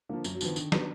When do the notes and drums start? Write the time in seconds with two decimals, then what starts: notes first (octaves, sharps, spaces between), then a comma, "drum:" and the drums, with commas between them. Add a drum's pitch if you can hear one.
0.09 D3 F3 A#3
0.24 F#2, drum: tambourine
0.35 F#3
0.41 D3 D#3 F3 B3, drum: tambourine
0.56 D3, drum: tambourine
0.72 F#3 B3 D4, drum: snare